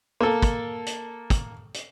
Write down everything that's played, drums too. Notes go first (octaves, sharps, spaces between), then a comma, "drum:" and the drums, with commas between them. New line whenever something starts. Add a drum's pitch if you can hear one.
A#3 A4
drum: kick, hi-hat
drum: hi-hat
drum: kick, hi-hat
drum: hi-hat